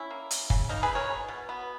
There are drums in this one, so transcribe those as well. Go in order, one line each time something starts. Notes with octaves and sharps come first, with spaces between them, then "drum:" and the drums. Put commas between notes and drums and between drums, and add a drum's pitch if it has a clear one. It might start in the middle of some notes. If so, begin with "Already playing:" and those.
Already playing: C#4 E4
A#3
A#3, drum: hi-hat
C#3, drum: kick
A#3 D#4
G#4 B4
E3
A#4 C#5
B2
B2
B3